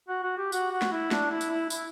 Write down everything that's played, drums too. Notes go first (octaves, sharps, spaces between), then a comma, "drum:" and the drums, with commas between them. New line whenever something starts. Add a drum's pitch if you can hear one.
F#4
F#4
G4
F#4, drum: tambourine
F#4
drum: snare
E4
D4, drum: snare
E4
drum: tambourine
E4
E4, drum: tambourine